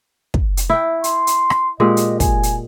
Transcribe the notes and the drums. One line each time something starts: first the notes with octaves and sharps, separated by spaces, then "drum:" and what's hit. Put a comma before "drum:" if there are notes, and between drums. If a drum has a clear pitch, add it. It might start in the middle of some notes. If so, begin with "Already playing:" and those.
drum: kick
drum: hi-hat
E4 G5
C6, drum: hi-hat
drum: hi-hat
drum: rim click
A#2 G#3 G4 D#5
drum: hi-hat
G#5, drum: kick, hi-hat
drum: hi-hat